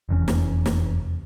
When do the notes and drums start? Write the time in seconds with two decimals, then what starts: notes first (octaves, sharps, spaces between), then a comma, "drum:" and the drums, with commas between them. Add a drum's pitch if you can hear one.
0.09 F1 E2 C#4
0.28 drum: snare
0.66 drum: snare